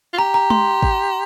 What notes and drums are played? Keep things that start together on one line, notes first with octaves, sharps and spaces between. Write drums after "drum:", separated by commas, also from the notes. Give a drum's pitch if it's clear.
F4
G4 A#5
A#5
C6, drum: tom G#3
drum: kick G#1